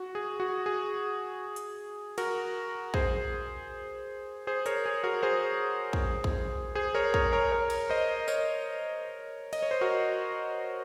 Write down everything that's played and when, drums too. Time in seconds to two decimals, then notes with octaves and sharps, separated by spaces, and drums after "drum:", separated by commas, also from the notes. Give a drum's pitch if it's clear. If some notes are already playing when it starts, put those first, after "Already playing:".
Already playing: F#4
0.15 G#4
0.40 F#4
0.66 G#4
1.56 drum: hi-hat
2.18 F#4 A#4, drum: cymbal
2.94 G#4 C5, drum: kick
4.47 G#4 C5
4.66 A#4 C#5, drum: hi-hat
4.86 G#4
5.03 F#4 A#4
5.23 G#4 C5
5.93 drum: kick
6.24 drum: kick
6.75 G#4 C5
6.94 A#4 C#5
7.14 A#4 C#5, drum: kick
7.33 A#4 C#5
7.52 A#4 C#5
7.70 drum: cymbal
7.90 C5 D#5
8.28 A#4 C#5, drum: tambourine
9.53 D#5, drum: cymbal
9.63 C#5
9.71 C5
9.81 F#4 A#4